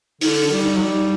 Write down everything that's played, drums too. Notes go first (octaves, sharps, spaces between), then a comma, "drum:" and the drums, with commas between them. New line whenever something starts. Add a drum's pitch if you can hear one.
D3 D#4, drum: open hi-hat
D4
G3
D#4
F#3
G3